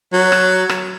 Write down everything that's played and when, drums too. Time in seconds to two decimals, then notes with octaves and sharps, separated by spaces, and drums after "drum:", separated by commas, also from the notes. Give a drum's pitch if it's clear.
0.13 F#3
0.32 drum: rim click
0.69 drum: rim click